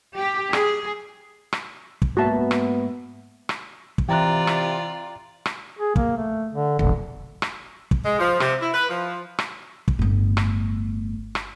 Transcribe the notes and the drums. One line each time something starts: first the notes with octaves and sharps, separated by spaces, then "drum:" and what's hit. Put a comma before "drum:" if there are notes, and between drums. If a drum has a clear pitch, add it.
G4
G#4, drum: rim click
drum: rim click
drum: kick
G#2 A#3 B3 F#4 E5 A5
drum: rim click
drum: rim click
drum: kick
C3 E3 F4 D5 G5 A#5 F#6
drum: rim click
drum: rim click
G#4
A#3, drum: kick
A3
D3
E1 A#1 D3
drum: rim click
drum: kick
G#3
F3
C3, drum: rim click
E4
B4
F3
drum: rim click
drum: kick
G1 A2
drum: rim click
drum: rim click